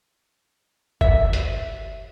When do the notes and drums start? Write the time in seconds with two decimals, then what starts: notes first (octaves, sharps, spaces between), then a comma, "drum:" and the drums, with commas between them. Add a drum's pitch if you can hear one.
1.01 E5, drum: kick F#1
1.33 drum: hi-hat